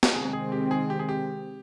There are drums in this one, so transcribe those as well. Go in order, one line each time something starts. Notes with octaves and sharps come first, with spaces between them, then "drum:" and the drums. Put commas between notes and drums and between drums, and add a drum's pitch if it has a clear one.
drum: snare
C3 D#3 G#3 C4 G#4
G#4
G4
G#4
G4
G#4
G4